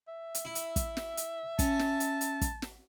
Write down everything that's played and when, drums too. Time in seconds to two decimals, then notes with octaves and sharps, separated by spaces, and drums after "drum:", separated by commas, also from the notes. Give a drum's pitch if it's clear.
0.08 E5
0.35 drum: hi-hat
0.45 E4
0.55 drum: hi-hat
0.76 drum: kick, hi-hat
0.97 drum: snare
1.17 drum: hi-hat
1.59 C#4 A5, drum: kick, hi-hat
1.79 drum: snare
2.00 drum: hi-hat
2.21 drum: hi-hat
2.41 drum: kick, hi-hat
2.62 drum: snare